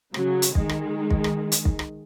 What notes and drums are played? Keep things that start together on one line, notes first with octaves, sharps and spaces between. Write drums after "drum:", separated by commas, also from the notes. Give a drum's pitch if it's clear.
C#3 F#3, drum: rim click
drum: hi-hat
D#3 G#3, drum: kick
drum: rim click
drum: kick
drum: rim click
drum: hi-hat
drum: kick
drum: rim click